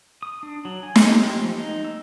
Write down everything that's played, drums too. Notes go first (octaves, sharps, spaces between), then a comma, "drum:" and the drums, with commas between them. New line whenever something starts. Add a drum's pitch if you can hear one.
D#6
D4
F#3
G#5
drum: snare
G4
F3
D#4
E6